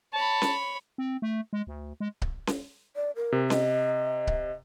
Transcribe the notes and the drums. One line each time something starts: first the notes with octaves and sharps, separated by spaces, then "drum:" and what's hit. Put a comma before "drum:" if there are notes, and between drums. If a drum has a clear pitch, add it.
C#5 A5 B5
drum: snare C#4
C4
A3
G#3
D2
G#3
drum: kick C#1
drum: snare C#4
D5
A#4
C3
D#5, drum: snare C#4
drum: kick C#1